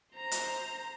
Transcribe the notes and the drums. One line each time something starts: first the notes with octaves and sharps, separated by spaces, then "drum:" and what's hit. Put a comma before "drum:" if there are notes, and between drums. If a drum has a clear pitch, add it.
C5 A#5
drum: hi-hat